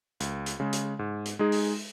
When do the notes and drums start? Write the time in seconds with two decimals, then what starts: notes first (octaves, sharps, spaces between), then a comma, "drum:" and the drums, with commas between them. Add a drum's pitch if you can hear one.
0.20 C#2, drum: hi-hat
0.46 drum: hi-hat
0.60 C#3 G#3
0.73 drum: hi-hat
0.99 G#2
1.25 drum: hi-hat
1.39 G#3 D#4 G#4
1.52 drum: open hi-hat